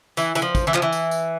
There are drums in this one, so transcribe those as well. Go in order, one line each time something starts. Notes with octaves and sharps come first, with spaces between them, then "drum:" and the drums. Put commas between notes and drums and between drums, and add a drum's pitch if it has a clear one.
E3, drum: tambourine
E3, drum: tambourine
F3
drum: kick, tambourine
E3
F3, drum: clap
E3
drum: tambourine
drum: tambourine